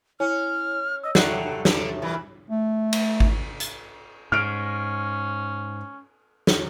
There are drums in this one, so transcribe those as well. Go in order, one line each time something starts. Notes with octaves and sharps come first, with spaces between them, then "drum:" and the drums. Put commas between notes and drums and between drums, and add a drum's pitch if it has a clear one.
C#4 E4 C#5 G#5 F6
D#5 E6
D3 F#3 G3 A3 F#5 F#6 C7, drum: snare
D3 D4, drum: snare
A#2 E3 B5
A3
drum: cymbal
drum: kick G#1
drum: hi-hat
G#2 C#4 F6 D7
drum: snare